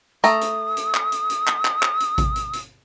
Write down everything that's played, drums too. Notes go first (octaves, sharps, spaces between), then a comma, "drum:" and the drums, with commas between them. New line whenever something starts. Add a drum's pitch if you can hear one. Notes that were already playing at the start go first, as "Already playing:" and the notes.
A3 A#5 D#6, drum: hi-hat
drum: hi-hat
drum: hi-hat
drum: clap
drum: hi-hat
drum: hi-hat
drum: clap
drum: clap
drum: clap
drum: hi-hat
drum: kick A1, hi-hat
drum: hi-hat
drum: hi-hat